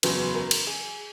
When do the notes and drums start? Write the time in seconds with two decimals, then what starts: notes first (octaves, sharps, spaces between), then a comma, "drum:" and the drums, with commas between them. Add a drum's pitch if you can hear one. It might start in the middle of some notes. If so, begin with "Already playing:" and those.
0.03 F#1 E2 C#3 F#3 B4, drum: cymbal
0.35 A#4
0.51 drum: cymbal
0.67 G#4